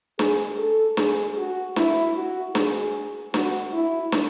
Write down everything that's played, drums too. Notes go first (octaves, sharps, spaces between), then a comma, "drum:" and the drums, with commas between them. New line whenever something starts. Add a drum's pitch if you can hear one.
G#4, drum: snare
A4
G#4, drum: snare
F#4
E4, drum: snare
F#4
G#4, drum: snare
F#4, drum: snare
E4
drum: snare